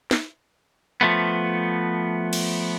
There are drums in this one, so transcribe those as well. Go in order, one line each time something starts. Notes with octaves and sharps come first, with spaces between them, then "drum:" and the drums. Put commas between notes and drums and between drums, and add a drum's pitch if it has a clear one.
drum: snare
F3 A3 B3
drum: cymbal